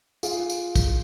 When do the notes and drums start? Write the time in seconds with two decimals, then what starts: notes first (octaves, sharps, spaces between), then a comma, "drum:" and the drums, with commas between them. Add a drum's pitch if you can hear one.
0.23 F4 G#4, drum: tambourine
0.50 drum: tambourine
0.76 drum: kick, tambourine